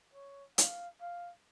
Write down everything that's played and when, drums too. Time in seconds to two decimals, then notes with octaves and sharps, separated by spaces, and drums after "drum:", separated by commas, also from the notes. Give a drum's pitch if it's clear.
0.14 C#5
0.58 F5, drum: hi-hat
1.01 F5